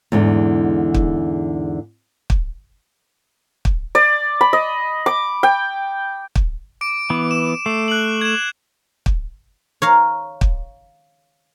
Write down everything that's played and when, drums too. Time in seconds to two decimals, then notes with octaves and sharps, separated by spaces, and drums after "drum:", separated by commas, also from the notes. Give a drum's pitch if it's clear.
0.12 E2 G#2 D3
0.94 drum: kick
2.30 drum: kick
3.65 drum: kick
3.95 D5
4.41 B5
4.53 D#5
5.06 D6
5.43 G5
6.35 drum: kick
6.81 D6 D7
7.10 E3 B3
7.31 E7
7.66 A3 C7
7.88 F#6 F#7
8.21 G#6 E7
9.06 drum: kick
9.82 C#5 F5 A#5
10.41 drum: kick